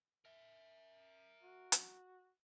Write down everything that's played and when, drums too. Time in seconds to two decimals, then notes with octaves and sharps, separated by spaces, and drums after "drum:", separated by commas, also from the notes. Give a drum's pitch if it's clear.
0.25 A#4 E5
1.43 F#4
1.72 drum: hi-hat